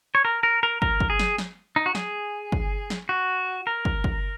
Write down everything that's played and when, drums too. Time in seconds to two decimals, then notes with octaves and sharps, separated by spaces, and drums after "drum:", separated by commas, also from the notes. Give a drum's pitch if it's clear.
0.15 C#5
0.25 A#4
0.43 A#4
0.63 A#4
0.82 A#4, drum: kick
1.00 drum: kick
1.10 G#4
1.19 drum: snare
1.38 drum: snare
1.76 D#4
1.86 F#4
1.95 G#4, drum: snare
2.52 drum: kick
2.90 drum: snare
3.09 F#4
3.67 A#4
3.85 drum: kick
4.04 drum: kick